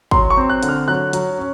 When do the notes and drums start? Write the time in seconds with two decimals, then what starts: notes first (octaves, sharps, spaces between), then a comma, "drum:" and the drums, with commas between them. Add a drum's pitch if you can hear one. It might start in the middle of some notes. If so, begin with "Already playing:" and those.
0.11 F#3 C6, drum: kick
0.30 C#6
0.37 C4
0.49 F#6
0.63 D3, drum: hi-hat
0.69 F6
0.88 F#3 F#6
1.13 F#3, drum: hi-hat
1.39 C#4